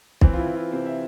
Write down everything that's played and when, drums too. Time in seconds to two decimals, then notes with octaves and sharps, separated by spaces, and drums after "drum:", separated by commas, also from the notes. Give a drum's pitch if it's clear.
0.21 E3 C4, drum: kick
0.34 F4
0.39 E4
0.47 E3
0.56 F4
0.73 C3 C5
0.86 E5